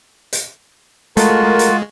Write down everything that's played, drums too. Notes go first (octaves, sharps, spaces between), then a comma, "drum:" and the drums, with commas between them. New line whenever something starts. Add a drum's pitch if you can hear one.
drum: hi-hat
G#3 A3 F4 F#4 A#4, drum: hi-hat
drum: hi-hat